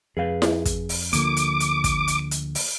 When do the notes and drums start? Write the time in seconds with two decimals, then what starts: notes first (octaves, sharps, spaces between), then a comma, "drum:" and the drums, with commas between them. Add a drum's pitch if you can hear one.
0.17 F2 G#4 B4 F5
0.42 drum: snare E4
0.65 drum: kick, hi-hat
0.89 drum: open hi-hat
1.13 D2 D3 F3 A#3 D6, drum: hi-hat
1.36 drum: hi-hat
1.60 drum: hi-hat
1.84 drum: kick, hi-hat
2.08 drum: hi-hat
2.31 drum: hi-hat
2.55 drum: open hi-hat